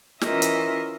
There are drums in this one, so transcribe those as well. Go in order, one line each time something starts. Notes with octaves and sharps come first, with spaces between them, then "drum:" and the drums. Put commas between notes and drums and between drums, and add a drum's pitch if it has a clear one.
E3 C#4 F4 A#4 D#5 E5, drum: snare
drum: hi-hat